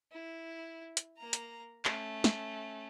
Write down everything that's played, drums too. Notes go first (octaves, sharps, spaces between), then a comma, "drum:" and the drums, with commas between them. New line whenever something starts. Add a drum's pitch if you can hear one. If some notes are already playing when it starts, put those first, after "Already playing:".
E4
drum: hi-hat
A#3 A#5
drum: hi-hat
A3 C#4, drum: clap
drum: snare